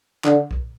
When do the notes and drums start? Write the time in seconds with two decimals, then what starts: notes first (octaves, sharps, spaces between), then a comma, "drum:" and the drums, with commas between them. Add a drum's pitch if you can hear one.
0.24 D3, drum: clap
0.51 drum: kick B1